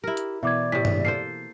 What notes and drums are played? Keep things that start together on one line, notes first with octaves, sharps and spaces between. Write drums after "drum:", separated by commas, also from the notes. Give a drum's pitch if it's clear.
E4 G4 A#4
drum: hi-hat
B2 E3 D5 E5 D6 G#6
A2 C3 B6
drum: tom G2
A#3 A4 C5 C7